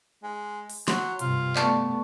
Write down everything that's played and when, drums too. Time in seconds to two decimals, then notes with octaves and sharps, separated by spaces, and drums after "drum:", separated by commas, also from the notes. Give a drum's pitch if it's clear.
0.24 G#3
0.70 drum: open hi-hat
0.88 F#3 C6, drum: snare
1.19 G2 C3 F4, drum: hi-hat
1.56 A3 B3 D5 A5 C#6, drum: clap